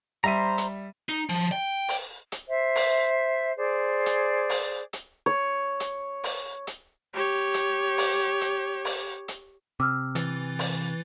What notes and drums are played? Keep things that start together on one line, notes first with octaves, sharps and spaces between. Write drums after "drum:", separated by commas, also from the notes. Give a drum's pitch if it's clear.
G3 C5 E5 A#5 D#7
drum: hi-hat
D#4
F3
G5
drum: open hi-hat
drum: hi-hat
C5 E5
drum: open hi-hat
G#4 C5 D5
drum: hi-hat
drum: open hi-hat
drum: hi-hat
C#5
drum: hi-hat
drum: open hi-hat
drum: hi-hat
G4 C#5
drum: hi-hat
drum: open hi-hat
drum: hi-hat
drum: open hi-hat
drum: hi-hat
C3 D6 E6 F6
E3 A6, drum: hi-hat
drum: open hi-hat